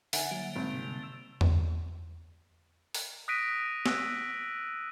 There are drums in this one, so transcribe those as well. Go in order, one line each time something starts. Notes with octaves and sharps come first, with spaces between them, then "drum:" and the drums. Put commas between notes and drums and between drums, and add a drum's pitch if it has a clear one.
D3 D#4 E5 F#5 G#5, drum: open hi-hat
D3 F#3 G3 A#3
G#1
C3
E6
drum: tom E2
drum: open hi-hat
D#6 F#6 A#6 B6 D7 D#7
E6 F#6, drum: snare